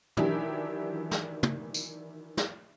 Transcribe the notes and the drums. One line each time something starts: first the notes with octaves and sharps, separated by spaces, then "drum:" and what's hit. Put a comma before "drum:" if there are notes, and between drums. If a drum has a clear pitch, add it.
D#3 E3 F#3 D4 E4 G4, drum: tom
drum: snare
drum: tom
drum: tambourine
drum: snare